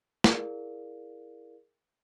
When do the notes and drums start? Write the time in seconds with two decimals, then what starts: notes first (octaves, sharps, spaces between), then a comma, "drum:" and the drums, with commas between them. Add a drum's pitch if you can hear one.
0.24 E4 G#4 A#4 D5 F5, drum: snare